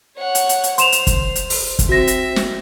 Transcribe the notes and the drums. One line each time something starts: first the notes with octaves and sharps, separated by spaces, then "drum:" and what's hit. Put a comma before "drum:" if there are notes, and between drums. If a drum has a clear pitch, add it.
C#5 F#5
drum: hi-hat
drum: hi-hat
drum: hi-hat
C5 C6 E7 F7, drum: hi-hat
drum: hi-hat
drum: kick, hi-hat
drum: hi-hat
drum: open hi-hat
drum: kick, hi-hat
C4 F#4 E5 A#6
drum: hi-hat
drum: snare